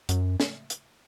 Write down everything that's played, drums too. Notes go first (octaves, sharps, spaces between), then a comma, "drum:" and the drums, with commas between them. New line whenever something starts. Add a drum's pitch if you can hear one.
F#2, drum: hi-hat
drum: snare
drum: hi-hat